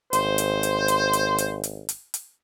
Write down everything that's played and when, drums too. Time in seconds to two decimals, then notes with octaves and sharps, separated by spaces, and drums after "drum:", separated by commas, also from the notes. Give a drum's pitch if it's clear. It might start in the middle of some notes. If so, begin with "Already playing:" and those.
0.13 G#1 C5, drum: hi-hat
0.38 drum: hi-hat
0.63 drum: hi-hat
0.88 drum: hi-hat
1.13 drum: hi-hat
1.38 drum: hi-hat
1.64 drum: hi-hat
1.89 drum: hi-hat
2.14 drum: hi-hat